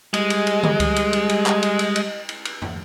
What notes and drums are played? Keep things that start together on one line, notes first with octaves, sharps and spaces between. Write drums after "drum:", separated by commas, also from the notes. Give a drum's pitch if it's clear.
G3 G#3 D#5, drum: cymbal
drum: cymbal
drum: cymbal
drum: tom D3
drum: kick C#2, cymbal
drum: cymbal
drum: cymbal
drum: cymbal
drum: clap
drum: cymbal
drum: cymbal
drum: cymbal
drum: cymbal
drum: cymbal
drum: tom